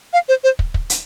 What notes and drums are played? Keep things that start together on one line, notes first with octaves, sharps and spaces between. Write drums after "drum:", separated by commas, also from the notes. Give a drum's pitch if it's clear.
F5
C5
C5
drum: kick
drum: kick
drum: hi-hat